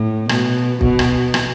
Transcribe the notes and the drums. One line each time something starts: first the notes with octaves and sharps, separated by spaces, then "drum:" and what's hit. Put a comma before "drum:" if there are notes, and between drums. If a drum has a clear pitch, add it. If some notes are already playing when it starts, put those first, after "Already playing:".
Already playing: A2
B2, drum: rim click
B2, drum: kick
drum: rim click
drum: rim click